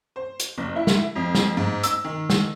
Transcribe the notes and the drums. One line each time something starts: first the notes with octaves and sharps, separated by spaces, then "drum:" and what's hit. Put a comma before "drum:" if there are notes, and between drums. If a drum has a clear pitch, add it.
C5
drum: hi-hat
F#1
E4
drum: snare
F2
drum: snare
G#2
E6, drum: hi-hat
D#3
drum: snare